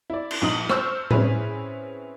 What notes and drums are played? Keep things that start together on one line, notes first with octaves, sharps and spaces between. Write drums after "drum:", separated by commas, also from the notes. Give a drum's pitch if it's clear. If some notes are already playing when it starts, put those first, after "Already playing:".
E4 D5
drum: cymbal
A#1 D#4 D#6 F#7
C5 C#6 E6 F6 G6, drum: rim click
C4 C#4 E4 G#4 B4, drum: tom A2